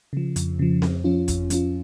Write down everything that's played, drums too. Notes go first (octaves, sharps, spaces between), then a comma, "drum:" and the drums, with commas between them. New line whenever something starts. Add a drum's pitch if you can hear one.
C#3 F3
F2, drum: hi-hat
C#3 F3
F2, drum: snare C4
F3 C#4 F4
F2, drum: kick, hi-hat
F3 C#4 F4, drum: hi-hat